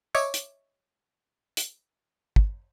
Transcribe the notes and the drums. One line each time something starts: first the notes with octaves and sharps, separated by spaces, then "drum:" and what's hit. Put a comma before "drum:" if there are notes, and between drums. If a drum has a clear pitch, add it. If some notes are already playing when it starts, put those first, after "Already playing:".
C#5 D#5 E5 C#6 D6 G#6, drum: tambourine
drum: hi-hat
drum: hi-hat
drum: kick